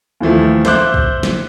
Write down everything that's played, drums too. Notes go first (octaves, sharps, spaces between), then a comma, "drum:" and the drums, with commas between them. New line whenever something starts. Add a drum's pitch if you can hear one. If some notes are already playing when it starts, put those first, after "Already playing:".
D#2 E3 F3 A3
A4 C5 E5 D6 F#6 G6, drum: snare
drum: kick
drum: snare